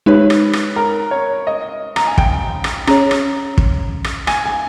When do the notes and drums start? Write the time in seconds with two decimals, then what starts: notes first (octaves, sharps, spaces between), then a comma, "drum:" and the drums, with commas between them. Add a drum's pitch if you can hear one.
0.06 G#3 D#4 G4 B4 C#5
0.30 drum: rim click
0.53 drum: rim click
0.76 A#4
1.11 C#5
1.47 D#5
1.96 A#5, drum: rim click
2.07 G#5
2.18 G5, drum: kick
2.64 drum: rim click
2.87 C#4 G#4 C#5 A#5, drum: rim click
3.11 drum: rim click
3.58 drum: kick
4.04 drum: rim click
4.27 G#5, drum: rim click
4.45 G#5